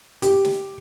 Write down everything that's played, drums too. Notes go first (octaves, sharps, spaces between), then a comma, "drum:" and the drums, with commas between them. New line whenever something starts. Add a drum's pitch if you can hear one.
G4, drum: hi-hat
drum: snare